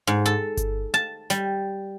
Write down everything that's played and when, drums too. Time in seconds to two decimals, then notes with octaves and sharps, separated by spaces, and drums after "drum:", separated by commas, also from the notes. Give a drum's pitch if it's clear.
0.07 G#2
0.26 A4
0.57 drum: kick G1, hi-hat
0.94 A5
1.30 G3, drum: snare